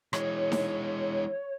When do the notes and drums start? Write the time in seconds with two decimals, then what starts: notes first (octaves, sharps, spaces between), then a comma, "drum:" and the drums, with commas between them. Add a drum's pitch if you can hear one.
0.13 E3 G#3 C#5, drum: rim click
0.52 drum: snare D#4